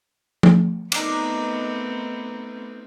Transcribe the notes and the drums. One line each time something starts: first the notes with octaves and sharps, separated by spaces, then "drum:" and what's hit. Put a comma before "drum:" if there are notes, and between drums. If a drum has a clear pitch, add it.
drum: tom
A3 B3 C4 D4 D#4 A#4, drum: cymbal